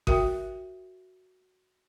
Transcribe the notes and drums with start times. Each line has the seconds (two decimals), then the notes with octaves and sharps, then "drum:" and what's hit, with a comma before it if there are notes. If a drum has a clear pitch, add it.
0.07 F#4 A#4 E5 G5, drum: kick G#1